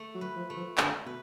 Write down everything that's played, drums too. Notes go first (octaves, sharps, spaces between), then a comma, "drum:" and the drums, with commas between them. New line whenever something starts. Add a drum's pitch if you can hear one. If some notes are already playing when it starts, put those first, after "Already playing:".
Already playing: A3
F#3
B4
F3
A3
F3
D3 A3, drum: clap
B2 B4